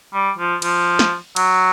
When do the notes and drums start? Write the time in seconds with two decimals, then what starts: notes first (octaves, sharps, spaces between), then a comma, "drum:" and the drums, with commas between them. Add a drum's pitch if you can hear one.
0.13 G3
0.38 F3
0.62 F3, drum: cymbal
0.99 drum: snare
1.36 F#3, drum: cymbal